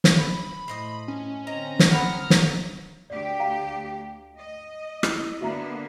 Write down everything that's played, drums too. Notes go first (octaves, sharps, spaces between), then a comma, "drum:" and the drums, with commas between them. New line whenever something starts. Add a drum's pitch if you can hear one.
drum: snare
B5
A2 C5 D#5 D#6
C#4
D3 C4 D#5 A#5
drum: snare
F#5 B5 D#6 F6
drum: snare
D2 G4 D5
F5 G5 A#5
D#5
E4 E6 F#7, drum: rim click
D3 A#3 B3 F#4 E5 A#5